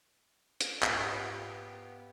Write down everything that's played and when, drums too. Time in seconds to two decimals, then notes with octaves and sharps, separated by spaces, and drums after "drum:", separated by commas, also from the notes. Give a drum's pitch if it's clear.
0.61 drum: hi-hat
0.83 G#2 B3 F4 G4 C5 A#5, drum: clap